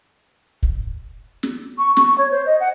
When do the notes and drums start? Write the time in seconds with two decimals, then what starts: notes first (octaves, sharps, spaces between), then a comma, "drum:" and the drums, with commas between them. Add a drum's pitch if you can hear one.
0.63 drum: kick
1.43 drum: snare
1.78 C#6
1.97 C#6, drum: snare
2.18 C#5
2.31 C5
2.46 D#5
2.60 F#5